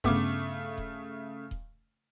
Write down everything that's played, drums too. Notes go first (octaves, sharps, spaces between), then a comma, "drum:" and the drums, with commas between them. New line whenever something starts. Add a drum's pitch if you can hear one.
G2 C#3 A3 B3 D6, drum: kick D#1
drum: kick D#1
drum: kick D#1